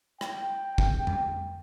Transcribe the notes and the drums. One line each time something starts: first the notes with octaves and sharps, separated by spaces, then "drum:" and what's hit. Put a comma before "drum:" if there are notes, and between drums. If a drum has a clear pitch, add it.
G5, drum: rim click
drum: kick
drum: tom F2